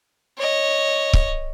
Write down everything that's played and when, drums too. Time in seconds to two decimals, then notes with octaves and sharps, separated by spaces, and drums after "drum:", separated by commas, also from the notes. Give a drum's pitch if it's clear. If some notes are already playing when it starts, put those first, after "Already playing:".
0.38 C#5 D#5
1.13 drum: kick C#1